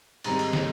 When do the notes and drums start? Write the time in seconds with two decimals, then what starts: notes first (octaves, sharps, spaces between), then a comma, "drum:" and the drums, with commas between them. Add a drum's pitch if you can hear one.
0.24 G#2 D#3 G3 C4 A#5, drum: cymbal
0.39 drum: cymbal
0.53 drum: snare